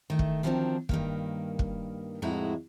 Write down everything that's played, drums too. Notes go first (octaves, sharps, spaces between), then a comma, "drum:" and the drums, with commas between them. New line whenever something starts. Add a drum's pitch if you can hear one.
D#3 A3
drum: kick
D#3 F3 F#3 B3 C4 D4
G2 D#3 A#3, drum: kick
drum: kick
F2 A2 G#3 E4 F#4 A#5